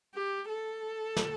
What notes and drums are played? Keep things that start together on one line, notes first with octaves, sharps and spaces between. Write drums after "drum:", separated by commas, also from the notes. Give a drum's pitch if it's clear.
G4
A4
drum: snare